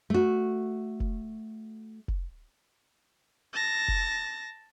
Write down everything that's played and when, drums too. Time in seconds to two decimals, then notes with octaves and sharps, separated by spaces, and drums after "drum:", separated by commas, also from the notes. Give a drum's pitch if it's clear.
0.10 A3 F#4
1.00 drum: kick F1
2.08 drum: kick F1
3.53 A5 A#6
3.88 drum: kick F1